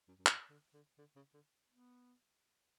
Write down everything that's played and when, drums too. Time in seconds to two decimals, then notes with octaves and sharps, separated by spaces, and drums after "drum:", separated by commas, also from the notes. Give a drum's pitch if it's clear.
0.08 F#2
0.19 F#2
0.26 E2, drum: clap
0.50 D3
0.74 D3
0.98 D3
1.16 C#3
1.34 D3
1.70 B3